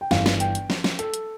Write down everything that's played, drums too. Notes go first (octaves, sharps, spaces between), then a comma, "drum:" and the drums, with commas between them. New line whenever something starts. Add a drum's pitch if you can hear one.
G5
G1 G2 E3 F5, drum: snare
drum: snare
G5, drum: hi-hat
drum: hi-hat
drum: snare
drum: snare
A4, drum: hi-hat
drum: hi-hat